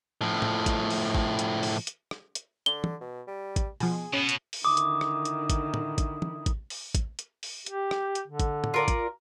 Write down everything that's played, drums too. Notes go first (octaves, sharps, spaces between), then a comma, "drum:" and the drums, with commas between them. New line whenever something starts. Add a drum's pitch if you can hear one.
A2 F3
drum: tom
drum: kick A1, hi-hat
drum: open hi-hat
drum: kick A1
drum: hi-hat
drum: open hi-hat
drum: hi-hat
drum: rim click
drum: hi-hat
D3 G7
drum: tom
B2
G3
drum: kick A1, hi-hat
B2 F3 G#4, drum: open hi-hat
B2 B3 C#4
drum: hi-hat
drum: open hi-hat
D3 D#3 E4 D6 D#6
drum: hi-hat
drum: rim click
drum: hi-hat
drum: kick A1, hi-hat
drum: tom
drum: kick A1, hi-hat
drum: tom
drum: kick A1, hi-hat
drum: open hi-hat
drum: kick A1, hi-hat
drum: hi-hat
drum: open hi-hat
G4, drum: hi-hat
drum: rim click
drum: hi-hat
D3
drum: kick A1, hi-hat
drum: tom
F4 A#4 D5
drum: kick A1, hi-hat